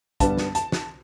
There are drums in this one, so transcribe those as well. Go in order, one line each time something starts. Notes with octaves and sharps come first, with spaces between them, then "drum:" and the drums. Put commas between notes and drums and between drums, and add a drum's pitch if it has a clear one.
G2 D3 G3 B3 A5, drum: kick, hi-hat
drum: snare
A5, drum: hi-hat
drum: snare